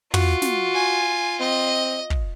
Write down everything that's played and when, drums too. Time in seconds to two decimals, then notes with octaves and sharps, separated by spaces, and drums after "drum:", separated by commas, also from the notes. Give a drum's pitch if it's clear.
0.14 F4 F#4, drum: tom
0.42 drum: snare
0.74 G#5
1.40 C4 D#5
2.10 drum: kick